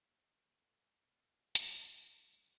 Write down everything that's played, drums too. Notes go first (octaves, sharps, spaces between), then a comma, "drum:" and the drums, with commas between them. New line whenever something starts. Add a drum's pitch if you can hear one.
C2 A#3 C4
B2 G#3
C2 A3 B3
B2 G#3
C2
B2 G#3
C2
B2 G#3
D2 A#3 C4, drum: hi-hat
D3 G3
D2 A3 B3
D3 G3
D2 G3 A3